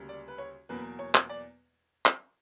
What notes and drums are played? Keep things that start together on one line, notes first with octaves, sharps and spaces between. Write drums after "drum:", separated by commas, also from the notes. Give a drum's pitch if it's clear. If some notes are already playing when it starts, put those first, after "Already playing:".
Already playing: D2 C#3 G3 A#3
D5
B4
C#5
E2 B2 F#3 A#3 B4
C#5
drum: clap
D5
drum: clap